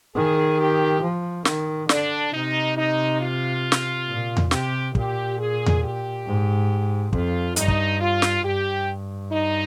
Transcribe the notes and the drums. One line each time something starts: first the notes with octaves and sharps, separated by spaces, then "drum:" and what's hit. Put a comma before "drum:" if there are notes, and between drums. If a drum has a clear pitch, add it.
D#3 G#4
G4
F3
D#3, drum: snare
D3 D4, drum: snare
C3 D#4
D#4
F4
drum: snare
A#2
drum: tom E2
C3 G4, drum: snare
A#2 G4, drum: kick
G#4
drum: tom E2
G4
G#2
F2 F4, drum: kick
G2 D#4, drum: hi-hat
drum: kick
F4
drum: snare
G2 G4
D#4